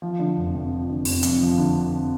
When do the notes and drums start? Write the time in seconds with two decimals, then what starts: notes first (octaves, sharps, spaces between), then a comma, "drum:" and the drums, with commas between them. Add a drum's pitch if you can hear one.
0.02 F3
0.19 D3
0.37 F1
0.54 F2
0.71 F3
0.89 D3
1.05 F1, drum: open hi-hat
1.23 F2, drum: hi-hat
1.41 F3
1.58 D3